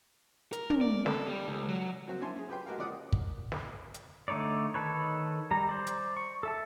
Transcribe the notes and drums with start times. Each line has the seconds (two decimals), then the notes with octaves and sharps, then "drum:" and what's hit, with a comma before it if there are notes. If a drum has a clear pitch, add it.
0.53 A#4, drum: hi-hat
0.70 drum: tom
0.81 D5
1.06 A4, drum: snare
1.27 G3
1.48 C#2
1.68 F#3
2.08 F#3 A#3 C4 F#4
2.21 C#4 D4 E4 G#5 A5 C6
2.36 C#4 G#4
2.48 F4 G4 B4 G5 C6
2.66 G#3 A#3 F#4 G4 A#4 F5
2.78 C#3 F3 D5 F#5 D#6
3.12 drum: kick
3.52 drum: snare
3.94 drum: hi-hat
4.28 D3 A3 D#4 C#5 D5
4.74 D#3 A4 B4 C#5
5.51 G3 A#5
5.69 C5 D5
5.87 drum: hi-hat
6.17 C#6
6.43 A4 E5 A5